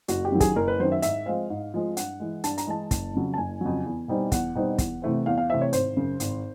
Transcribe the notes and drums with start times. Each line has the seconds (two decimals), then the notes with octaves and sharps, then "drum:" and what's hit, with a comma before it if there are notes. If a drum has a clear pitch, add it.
0.08 F#1 F#4, drum: hi-hat
0.25 G4
0.32 F#2 D#3 F#3
0.40 G#4, drum: kick, hi-hat
0.56 F#1 A#4
0.68 B4
0.80 F#2 D#3 F#3 C5
0.92 E5
1.02 G#2 E5, drum: hi-hat
1.26 F3 G#3 C4 F5
1.50 G#2
1.74 F3 G#3 C4
1.97 G2 F#5, drum: hi-hat
2.20 E3 G#3
2.44 G2 A5, drum: hi-hat
2.58 A#5, drum: hi-hat
2.67 E3 G#3 A5
2.91 F#1, drum: kick, hi-hat
3.14 F2 C#3 F#3
3.34 A5
3.38 F#1 G#5
3.61 F2 C#3 F#3
3.86 E2
4.08 B2 G3 C4 D#4
4.32 E2 F#5, drum: kick, hi-hat
4.55 B2 G3 C4 D#4
4.78 E2, drum: kick, hi-hat
5.02 C3 E3 A3 C4
5.26 E2 F5
5.38 F5
5.50 C3 E3 A3 C4 E5
5.61 C#5
5.73 G#1 C5, drum: hi-hat
5.97 F#2 C#3
6.20 G#1, drum: hi-hat